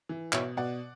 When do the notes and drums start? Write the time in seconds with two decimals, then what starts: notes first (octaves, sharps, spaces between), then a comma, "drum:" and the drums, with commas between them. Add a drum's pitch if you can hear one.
0.09 E3
0.33 B2 C#5 E5, drum: clap
0.57 B2 D5 F#5